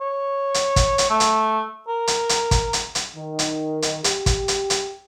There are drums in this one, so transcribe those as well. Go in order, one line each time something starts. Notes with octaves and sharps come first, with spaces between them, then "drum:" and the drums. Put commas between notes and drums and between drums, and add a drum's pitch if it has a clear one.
C#5
drum: hi-hat
drum: kick, hi-hat
drum: hi-hat
A3
drum: hi-hat
A#4
drum: hi-hat
drum: hi-hat
drum: kick, hi-hat
drum: hi-hat
drum: hi-hat
D#3
drum: hi-hat
drum: hi-hat
G4, drum: hi-hat
drum: kick, hi-hat
drum: hi-hat
drum: hi-hat